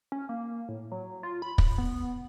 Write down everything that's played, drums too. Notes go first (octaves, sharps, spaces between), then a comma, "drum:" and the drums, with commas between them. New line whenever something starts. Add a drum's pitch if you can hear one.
C#4
A#3
A2
F#3
F4
B5
drum: kick
B3